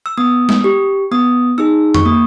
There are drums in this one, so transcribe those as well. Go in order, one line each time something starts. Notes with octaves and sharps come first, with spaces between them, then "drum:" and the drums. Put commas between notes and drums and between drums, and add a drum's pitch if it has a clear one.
E6
B3 D#6
drum: snare G#3
G4
B3 D#6
D#4 G#4 E6
C#6, drum: tom F2
A#3 D#6